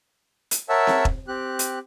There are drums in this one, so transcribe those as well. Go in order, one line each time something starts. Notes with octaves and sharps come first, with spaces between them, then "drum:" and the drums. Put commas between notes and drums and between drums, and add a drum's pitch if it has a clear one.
drum: hi-hat
A#4 C#5 E5 F#5 A5 E6
drum: snare C4
drum: kick E1
C4 G4 F#6
drum: hi-hat